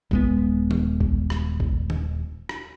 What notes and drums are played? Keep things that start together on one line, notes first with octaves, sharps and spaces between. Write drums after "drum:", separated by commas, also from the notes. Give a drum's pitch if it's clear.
D#1 G#3 B3, drum: kick A1
drum: tom D#3
drum: kick A1
drum: rim click
drum: kick A1
drum: tom D#3
drum: rim click